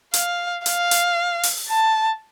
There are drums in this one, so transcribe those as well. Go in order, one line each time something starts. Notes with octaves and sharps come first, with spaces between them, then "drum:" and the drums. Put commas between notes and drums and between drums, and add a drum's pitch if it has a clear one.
F5, drum: hi-hat
F5, drum: hi-hat
drum: hi-hat
drum: open hi-hat
A5